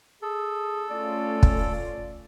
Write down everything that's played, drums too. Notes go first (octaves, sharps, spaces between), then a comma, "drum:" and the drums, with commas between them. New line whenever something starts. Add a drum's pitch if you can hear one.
G#4 A4
A3 C#4 F4 D5
drum: kick